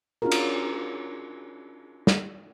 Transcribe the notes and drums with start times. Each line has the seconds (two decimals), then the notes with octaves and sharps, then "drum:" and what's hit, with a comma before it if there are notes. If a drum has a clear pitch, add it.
0.22 C#4 D4 F4 F#4 G#4 A#4
0.32 drum: cymbal
2.07 drum: snare